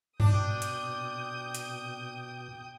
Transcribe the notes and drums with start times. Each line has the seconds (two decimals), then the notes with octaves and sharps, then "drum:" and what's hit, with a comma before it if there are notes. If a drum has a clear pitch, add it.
0.20 B2 D4 G5 D#6 G6, drum: tom G2
0.62 drum: hi-hat
1.55 drum: hi-hat